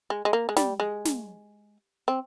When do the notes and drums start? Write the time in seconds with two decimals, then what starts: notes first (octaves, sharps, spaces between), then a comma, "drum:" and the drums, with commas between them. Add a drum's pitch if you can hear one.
0.10 G#3
0.25 G#3
0.33 A#3
0.49 G#3
0.57 G3, drum: snare
0.80 G#3
1.05 drum: snare
2.08 C4